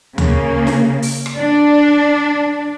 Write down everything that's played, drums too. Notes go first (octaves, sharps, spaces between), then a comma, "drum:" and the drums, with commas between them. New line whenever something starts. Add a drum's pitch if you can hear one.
C#3 A#3, drum: tom D2
drum: snare
drum: open hi-hat
drum: rim click
D4